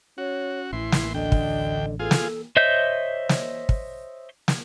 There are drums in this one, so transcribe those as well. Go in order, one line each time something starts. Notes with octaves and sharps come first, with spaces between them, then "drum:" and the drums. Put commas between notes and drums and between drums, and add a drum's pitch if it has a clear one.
C#4 F#4 C#5
A1 E3 E4 C6
drum: snare
D2 D3 D#5 G5
drum: kick
E2 F4 G#4 A4
drum: snare
C5 C#5 D#5 E5 G6
drum: snare
drum: kick
drum: snare